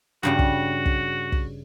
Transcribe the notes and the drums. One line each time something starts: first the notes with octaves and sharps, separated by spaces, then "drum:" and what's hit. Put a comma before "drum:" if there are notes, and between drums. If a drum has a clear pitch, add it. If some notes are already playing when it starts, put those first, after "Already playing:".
G2 C#3 G3 F#4
drum: kick
drum: kick
drum: kick